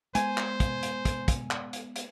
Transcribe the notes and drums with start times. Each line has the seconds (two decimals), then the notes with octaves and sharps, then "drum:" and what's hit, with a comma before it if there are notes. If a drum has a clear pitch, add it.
0.15 G#3 B3 C5 G#5, drum: hi-hat
0.38 drum: clap
0.60 drum: kick, hi-hat
0.83 drum: hi-hat
1.05 drum: kick, hi-hat
1.28 drum: kick, hi-hat
1.51 drum: clap
1.73 drum: hi-hat
1.96 drum: hi-hat